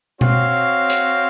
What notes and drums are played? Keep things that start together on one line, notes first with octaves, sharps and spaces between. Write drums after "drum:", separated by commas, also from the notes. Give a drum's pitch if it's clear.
C4 F#4 C#5 F5, drum: tom B2
drum: hi-hat